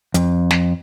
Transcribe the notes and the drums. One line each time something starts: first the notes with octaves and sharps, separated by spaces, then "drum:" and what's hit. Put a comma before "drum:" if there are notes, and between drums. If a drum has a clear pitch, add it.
F2, drum: hi-hat
drum: snare